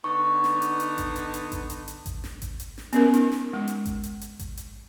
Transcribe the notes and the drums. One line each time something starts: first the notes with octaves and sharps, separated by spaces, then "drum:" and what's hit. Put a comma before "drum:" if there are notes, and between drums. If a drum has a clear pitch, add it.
D3 B3 D#4 C#6
drum: snare
drum: hi-hat
drum: hi-hat
drum: kick G#1, hi-hat
drum: hi-hat
drum: hi-hat
drum: kick G#1, hi-hat
drum: hi-hat
drum: hi-hat
drum: kick G#1, hi-hat
drum: snare
drum: kick G#1, hi-hat
drum: hi-hat
drum: snare
B3 C#4 A#4, drum: hi-hat
D#4, drum: hi-hat
drum: snare
G#3
drum: hi-hat
drum: kick G#1, hi-hat
drum: hi-hat
drum: hi-hat
drum: kick G#1, hi-hat
drum: hi-hat